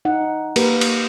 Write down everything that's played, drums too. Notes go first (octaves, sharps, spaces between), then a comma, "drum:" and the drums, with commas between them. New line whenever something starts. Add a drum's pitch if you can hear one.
D#4 F#5
A#3 G4 A#4 B4, drum: cymbal
drum: cymbal